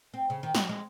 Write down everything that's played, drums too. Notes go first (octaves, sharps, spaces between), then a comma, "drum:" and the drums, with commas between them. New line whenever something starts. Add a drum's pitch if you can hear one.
C4
C#3
D#3
F#4, drum: snare
G#3